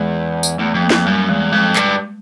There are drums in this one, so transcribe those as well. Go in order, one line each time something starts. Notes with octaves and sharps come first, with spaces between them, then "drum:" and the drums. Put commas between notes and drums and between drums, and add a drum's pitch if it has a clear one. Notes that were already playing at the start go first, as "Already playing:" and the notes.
Already playing: E2 G#3
drum: tambourine
E2 A3
F2
A#3
F2, drum: snare
F#2 G3
E2 G#3
F2 G#3
G2, drum: clap